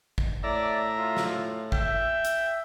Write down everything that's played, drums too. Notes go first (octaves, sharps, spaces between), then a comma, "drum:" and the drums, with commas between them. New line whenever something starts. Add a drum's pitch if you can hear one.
drum: kick
A2 D5 E5 A#5
F4
drum: snare
E5 G5, drum: kick
drum: hi-hat